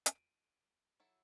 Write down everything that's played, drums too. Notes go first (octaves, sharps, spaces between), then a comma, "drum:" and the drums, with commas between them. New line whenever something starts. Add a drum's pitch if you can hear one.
D7 D#7, drum: hi-hat
F#3 E4 A4